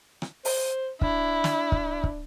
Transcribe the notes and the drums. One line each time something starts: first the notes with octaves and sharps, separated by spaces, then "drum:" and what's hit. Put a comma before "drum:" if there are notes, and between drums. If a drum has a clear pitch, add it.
drum: rim click
C5, drum: open hi-hat
D4 E4, drum: kick
drum: snare
drum: kick
drum: kick